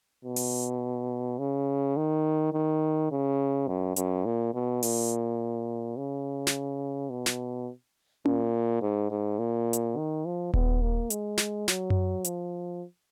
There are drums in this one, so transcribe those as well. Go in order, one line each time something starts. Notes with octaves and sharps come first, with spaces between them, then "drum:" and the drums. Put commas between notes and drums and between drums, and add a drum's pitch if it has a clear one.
B2
drum: open hi-hat
C#3
D#3
D#3
C#3
F#2
F#2, drum: hi-hat
A#2
B2
A#2, drum: open hi-hat
C#3
drum: snare
B2
drum: snare
A#2, drum: tom C#4
G#2
G#2
A#2
drum: hi-hat
D#3
F3
B3, drum: kick D#1
A#3
G#3, drum: hi-hat
drum: snare
F#3, drum: snare
drum: tom F#2
F3, drum: hi-hat